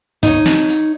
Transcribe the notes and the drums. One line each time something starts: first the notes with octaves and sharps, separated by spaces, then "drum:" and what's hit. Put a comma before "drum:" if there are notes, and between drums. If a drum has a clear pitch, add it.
D#4 C#5, drum: kick, hi-hat
drum: snare
drum: hi-hat